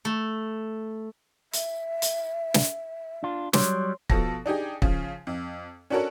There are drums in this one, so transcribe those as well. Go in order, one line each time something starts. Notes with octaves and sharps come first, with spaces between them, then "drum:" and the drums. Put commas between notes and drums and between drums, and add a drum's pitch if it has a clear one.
A3
E5, drum: hi-hat
drum: hi-hat
drum: snare
D4 F4
F#3 G3 C#5 C6 D6, drum: snare
B2 F3 A4 A#6, drum: kick
D4 D#4 G4 G#4
C#3 F3, drum: kick
F2
C#4 D4 F#4 A4 A#4 C#5